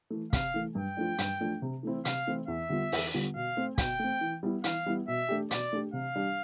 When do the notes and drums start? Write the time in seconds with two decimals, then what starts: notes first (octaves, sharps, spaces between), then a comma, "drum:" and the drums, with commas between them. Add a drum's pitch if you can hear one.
0.10 E3 A3
0.33 C3 F5, drum: kick, hi-hat
0.54 E3 A3
0.75 G2 G5
0.97 F3 A3 D4
1.18 G2, drum: hi-hat
1.41 F3 A3 D4
1.62 C3
1.83 E3 A3 C4 E4
2.05 C3 F5, drum: hi-hat
2.27 E3 A3 C4 E4
2.48 E2 E5
2.69 D3 G3 B3 F4
2.92 E2, drum: open hi-hat
3.14 D3 G3 B3 F4
3.35 B2 F5
3.57 A3 C4
3.78 B2 G5, drum: kick, hi-hat
3.99 A3 C4
4.21 E3
4.43 G3 B3 E4
4.64 E3 F5, drum: hi-hat
4.86 G3 B3 E4
5.08 B2 E5
5.29 A3 D4 G4
5.51 B2 D5, drum: hi-hat
5.73 A3 D4 G4
5.93 C3 F5
6.15 G3 D4 G4